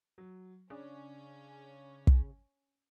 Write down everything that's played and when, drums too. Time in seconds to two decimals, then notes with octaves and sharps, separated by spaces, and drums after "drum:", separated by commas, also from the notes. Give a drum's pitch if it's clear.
0.18 F#3
0.70 C#3 C#4 D4
2.07 drum: kick